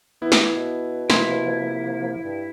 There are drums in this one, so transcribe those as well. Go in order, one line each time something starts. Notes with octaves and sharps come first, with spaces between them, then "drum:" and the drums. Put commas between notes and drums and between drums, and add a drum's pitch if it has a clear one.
E3 B3 E4
drum: snare
B2
C3 F3 A#3 E4 C6, drum: snare
G2